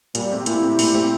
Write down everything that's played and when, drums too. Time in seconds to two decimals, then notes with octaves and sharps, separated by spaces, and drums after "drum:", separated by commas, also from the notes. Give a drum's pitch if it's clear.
0.15 A#2 G3, drum: hi-hat
0.31 A3 C4 G4
0.46 A#2 E4, drum: hi-hat
0.63 A3 C4 G4
0.79 A#2, drum: open hi-hat
0.95 A3 C4 G4